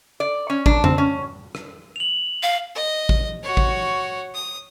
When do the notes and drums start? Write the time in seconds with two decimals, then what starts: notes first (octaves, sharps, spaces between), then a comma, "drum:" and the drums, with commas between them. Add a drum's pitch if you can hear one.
0.20 D5
0.50 C#4
0.66 D4, drum: kick A1
0.84 C4, drum: tom F2
0.98 C#4
1.55 drum: rim click
1.96 F7 F#7
2.43 F5
2.75 D#5
3.09 drum: kick A1
3.43 F#4 C#5
3.57 drum: kick A1
4.34 D#6